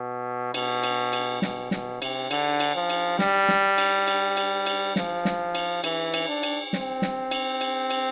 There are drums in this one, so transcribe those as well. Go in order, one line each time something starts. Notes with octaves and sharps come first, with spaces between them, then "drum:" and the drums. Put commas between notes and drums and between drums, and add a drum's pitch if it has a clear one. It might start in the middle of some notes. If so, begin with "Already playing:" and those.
Already playing: B2
B2, drum: cymbal
drum: cymbal
drum: cymbal
B2, drum: snare
B2, drum: snare
C3, drum: cymbal
D3, drum: cymbal
drum: cymbal
F3
drum: cymbal
G3, drum: snare
drum: snare
drum: cymbal
drum: cymbal
drum: cymbal
drum: cymbal
F3, drum: snare
drum: snare
drum: cymbal
E3, drum: cymbal
drum: cymbal
D4
drum: cymbal
C4, drum: snare
drum: snare
drum: cymbal
drum: cymbal
drum: cymbal